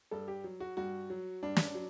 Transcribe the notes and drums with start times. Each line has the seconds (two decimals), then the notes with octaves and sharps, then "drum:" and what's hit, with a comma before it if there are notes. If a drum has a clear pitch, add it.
0.11 G2 A4
0.28 G4
0.44 F#3
0.60 F#4
0.77 G2 F#4
1.10 F#3
1.43 G2 D4
1.57 drum: snare
1.75 F#3